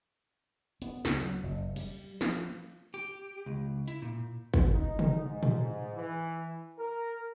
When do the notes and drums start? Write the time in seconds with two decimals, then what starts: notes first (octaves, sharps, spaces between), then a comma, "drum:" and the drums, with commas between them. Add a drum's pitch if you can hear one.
0.82 B3, drum: hi-hat
1.05 C#2, drum: snare
1.17 F#3
1.43 F#1
1.76 G3, drum: cymbal
2.21 F3, drum: snare
2.94 G4
3.46 C#2
3.88 E4, drum: hi-hat
4.02 A#2
4.54 drum: kick
4.73 D#4
4.99 drum: tom
5.21 G#2
5.43 drum: tom
5.97 E3
6.78 A#4